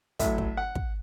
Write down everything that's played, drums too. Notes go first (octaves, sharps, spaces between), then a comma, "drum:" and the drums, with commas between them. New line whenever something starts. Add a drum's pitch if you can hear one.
A1 A2 F#3 E5, drum: kick, hi-hat
drum: kick
F#5
drum: kick